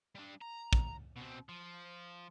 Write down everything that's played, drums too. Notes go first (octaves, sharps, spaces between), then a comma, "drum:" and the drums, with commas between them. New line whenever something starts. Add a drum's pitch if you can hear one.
G3 D4
A#5
drum: kick
B2 C4
F3